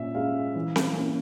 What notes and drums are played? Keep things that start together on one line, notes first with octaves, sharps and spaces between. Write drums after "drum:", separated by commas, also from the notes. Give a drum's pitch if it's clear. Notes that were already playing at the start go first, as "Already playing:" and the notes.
Already playing: A#2 C#4 E5
G#3 C#4 F5
E3
drum: snare C4
A#3 C#4